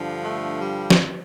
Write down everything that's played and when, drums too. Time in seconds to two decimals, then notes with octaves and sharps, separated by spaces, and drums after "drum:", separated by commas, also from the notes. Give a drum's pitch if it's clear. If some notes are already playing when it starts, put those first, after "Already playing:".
Already playing: G2 D3 F3
0.22 A3
0.59 G3
0.90 drum: snare